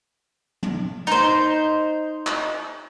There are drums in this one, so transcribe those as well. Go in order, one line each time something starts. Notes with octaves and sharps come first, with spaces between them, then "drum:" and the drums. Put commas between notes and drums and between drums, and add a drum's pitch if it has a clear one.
drum: tom
D#4 C5, drum: snare
drum: clap